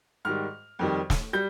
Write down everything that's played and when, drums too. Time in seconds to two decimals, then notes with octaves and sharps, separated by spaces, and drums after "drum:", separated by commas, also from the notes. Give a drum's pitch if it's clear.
0.25 G#2 D#3 G3 F6
0.79 F2 D#3 G3
1.10 drum: snare
1.33 G3 G6